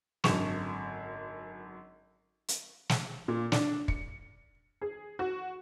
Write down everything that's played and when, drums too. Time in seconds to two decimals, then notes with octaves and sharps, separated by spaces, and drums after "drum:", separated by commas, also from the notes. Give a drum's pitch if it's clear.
0.24 G#1 F#2 D3 C#6 E7 F7, drum: snare
2.48 drum: hi-hat
2.89 drum: snare
3.28 A#2
3.52 D4, drum: snare
3.88 C#7, drum: kick
4.81 G#4
5.19 F#4